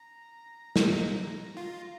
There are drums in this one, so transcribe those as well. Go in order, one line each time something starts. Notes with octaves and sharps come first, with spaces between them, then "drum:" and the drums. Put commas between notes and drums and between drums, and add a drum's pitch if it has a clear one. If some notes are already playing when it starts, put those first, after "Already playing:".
Already playing: A#5
D#4, drum: snare
F4